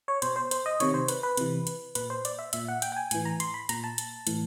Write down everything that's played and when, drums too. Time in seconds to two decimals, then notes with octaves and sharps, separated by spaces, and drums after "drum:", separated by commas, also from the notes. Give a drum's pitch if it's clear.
0.08 C#5
0.22 B2 C5, drum: hi-hat
0.36 C5
0.51 C5, drum: hi-hat
0.66 D#5
0.80 C3 D#3 C#5, drum: hi-hat
0.94 C5
1.08 B4, drum: hi-hat
1.23 B4
1.37 C3 E3, drum: hi-hat
1.67 drum: hi-hat
1.95 A#2 B4, drum: hi-hat
2.10 C5
2.25 D5, drum: hi-hat
2.39 E5
2.53 A#2 E5, drum: hi-hat
2.68 F#5
2.82 G5, drum: hi-hat
2.92 G5
2.96 G#5
3.11 A2 E3 G#5, drum: hi-hat
3.25 A#5
3.40 C6, drum: hi-hat
3.54 B5
3.69 A#2 A#5, drum: hi-hat
3.84 A5
3.98 drum: hi-hat
4.27 A2 E3, drum: hi-hat